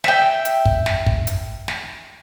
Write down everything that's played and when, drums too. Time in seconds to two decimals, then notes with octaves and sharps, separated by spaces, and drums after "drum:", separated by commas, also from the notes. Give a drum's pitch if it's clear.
0.04 E5 G5, drum: snare
0.45 drum: hi-hat
0.65 drum: kick
0.86 drum: snare
1.06 drum: kick
1.27 drum: hi-hat
1.68 drum: snare